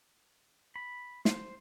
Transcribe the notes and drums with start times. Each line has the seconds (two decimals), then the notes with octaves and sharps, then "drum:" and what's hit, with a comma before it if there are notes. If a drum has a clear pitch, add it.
0.76 B5
1.25 C5, drum: snare